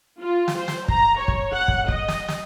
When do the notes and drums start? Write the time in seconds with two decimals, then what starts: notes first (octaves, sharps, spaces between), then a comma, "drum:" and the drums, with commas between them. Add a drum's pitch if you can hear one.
0.21 F4
0.48 drum: snare
0.58 C5
0.68 drum: snare
0.88 A#5, drum: kick
1.18 C#5
1.28 drum: kick
1.53 F#5
1.68 drum: kick
1.88 D#5, drum: kick
2.08 drum: snare
2.28 drum: snare